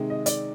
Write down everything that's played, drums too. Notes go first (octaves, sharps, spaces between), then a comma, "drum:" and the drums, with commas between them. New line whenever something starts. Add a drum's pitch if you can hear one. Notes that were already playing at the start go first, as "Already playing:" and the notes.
Already playing: C3 D#3 G#3
D#5
D5, drum: hi-hat